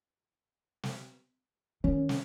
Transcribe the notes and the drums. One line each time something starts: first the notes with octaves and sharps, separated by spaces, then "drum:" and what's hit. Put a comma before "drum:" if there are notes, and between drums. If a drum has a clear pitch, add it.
drum: snare
D#3 C#4
drum: snare